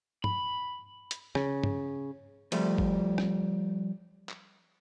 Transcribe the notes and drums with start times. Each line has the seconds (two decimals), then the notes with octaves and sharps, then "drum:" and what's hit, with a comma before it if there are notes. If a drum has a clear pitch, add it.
0.24 B5, drum: tom G2
1.11 drum: hi-hat
1.35 C#3, drum: rim click
1.64 drum: tom G2
2.52 F3 G3 A3, drum: cymbal
2.78 drum: kick
3.18 drum: rim click
4.29 drum: clap